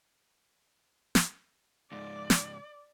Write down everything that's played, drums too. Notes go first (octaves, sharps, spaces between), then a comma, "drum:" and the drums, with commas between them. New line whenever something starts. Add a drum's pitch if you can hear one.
drum: snare
C#2 G#2 D5
drum: snare